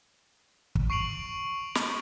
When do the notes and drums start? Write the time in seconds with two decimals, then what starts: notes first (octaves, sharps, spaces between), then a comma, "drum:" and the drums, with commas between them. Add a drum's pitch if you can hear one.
0.75 drum: kick
0.90 C#6 C7 D7 F7 F#7
1.75 drum: snare